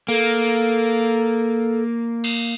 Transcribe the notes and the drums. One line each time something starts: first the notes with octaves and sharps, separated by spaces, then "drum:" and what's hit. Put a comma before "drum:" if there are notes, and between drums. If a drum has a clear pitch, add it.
A#3 A4
drum: cymbal